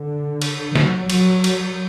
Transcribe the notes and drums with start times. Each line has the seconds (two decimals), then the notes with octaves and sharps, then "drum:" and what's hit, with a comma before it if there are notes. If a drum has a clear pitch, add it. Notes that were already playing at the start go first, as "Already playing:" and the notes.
Already playing: D3
0.42 drum: cymbal
0.75 F#3, drum: snare
1.10 F#3, drum: cymbal
1.44 drum: cymbal